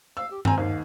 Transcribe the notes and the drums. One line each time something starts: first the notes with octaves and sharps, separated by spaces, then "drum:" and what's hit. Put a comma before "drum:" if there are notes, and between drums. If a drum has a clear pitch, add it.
F5 E6
G4
C4 G#5 A#5, drum: tom G2
D#2 G#2 F5